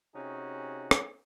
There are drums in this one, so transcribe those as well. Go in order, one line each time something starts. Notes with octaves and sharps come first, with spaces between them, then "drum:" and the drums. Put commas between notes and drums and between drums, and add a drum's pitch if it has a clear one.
C3 C#4 D#4 F#4 G#4
drum: rim click